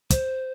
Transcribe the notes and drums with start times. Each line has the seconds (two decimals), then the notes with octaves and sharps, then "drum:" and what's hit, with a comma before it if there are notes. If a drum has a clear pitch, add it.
0.10 C5, drum: kick, hi-hat